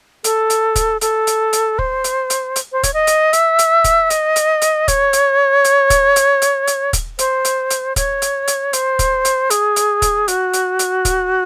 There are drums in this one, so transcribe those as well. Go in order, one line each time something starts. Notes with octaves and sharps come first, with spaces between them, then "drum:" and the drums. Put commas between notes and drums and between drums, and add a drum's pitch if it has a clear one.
A4, drum: hi-hat
drum: hi-hat
drum: kick, hi-hat
A4, drum: hi-hat
drum: hi-hat
drum: hi-hat
C5, drum: kick
drum: hi-hat
drum: hi-hat
drum: hi-hat
C5
C#5, drum: kick, hi-hat
D#5
drum: hi-hat
E5, drum: hi-hat
drum: hi-hat
drum: kick, hi-hat
D#5, drum: hi-hat
drum: hi-hat
drum: hi-hat
C#5, drum: kick, hi-hat
drum: hi-hat
drum: hi-hat
drum: kick, hi-hat
drum: hi-hat
drum: hi-hat
drum: hi-hat
drum: kick, hi-hat
C5, drum: hi-hat
drum: hi-hat
drum: hi-hat
C#5, drum: kick, hi-hat
drum: hi-hat
drum: hi-hat
C5, drum: hi-hat
drum: kick, hi-hat
drum: hi-hat
G#4, drum: hi-hat
drum: hi-hat
drum: kick, hi-hat
F#4, drum: hi-hat
drum: hi-hat
drum: hi-hat
drum: kick, hi-hat